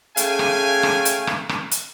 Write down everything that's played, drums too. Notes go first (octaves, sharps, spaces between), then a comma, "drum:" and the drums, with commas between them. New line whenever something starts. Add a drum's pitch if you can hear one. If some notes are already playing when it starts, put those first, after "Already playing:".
C#3 A3 F5 G5 G#5, drum: hi-hat
drum: rim click
drum: rim click
drum: hi-hat
drum: rim click
drum: rim click
drum: hi-hat